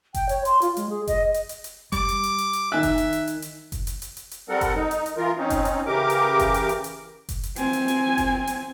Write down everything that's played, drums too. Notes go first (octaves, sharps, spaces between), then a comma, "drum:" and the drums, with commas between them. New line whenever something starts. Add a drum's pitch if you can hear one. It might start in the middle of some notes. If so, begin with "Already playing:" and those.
G5, drum: kick F#1, hi-hat
C#5, drum: hi-hat
C6, drum: hi-hat
F4, drum: hi-hat
G#3, drum: hi-hat
G#4
D#5, drum: kick F#1, hi-hat
drum: hi-hat
drum: hi-hat
drum: hi-hat
G3 D6, drum: kick F#1, hi-hat
drum: hi-hat
drum: hi-hat
drum: hi-hat
drum: hi-hat
D#3 E5 G#5 F#6
drum: kick F#1, hi-hat
drum: hi-hat
drum: hi-hat
drum: hi-hat
drum: hi-hat
drum: kick F#1, hi-hat
drum: hi-hat
drum: hi-hat
drum: hi-hat
drum: hi-hat
G3 C4 A4 A#4 F#5
drum: kick F#1, hi-hat
D#4
drum: hi-hat
drum: hi-hat
E3 F4 A#4
C4 C#4 D#4
drum: kick F#1, hi-hat
drum: hi-hat
C#3 E3 G4 A#4 D6
drum: hi-hat
drum: kick F#1, hi-hat
drum: hi-hat
drum: hi-hat
drum: hi-hat
drum: kick F#1, hi-hat
drum: hi-hat
C4 G#5, drum: hi-hat
drum: hi-hat
drum: hi-hat
drum: kick F#1, hi-hat
drum: hi-hat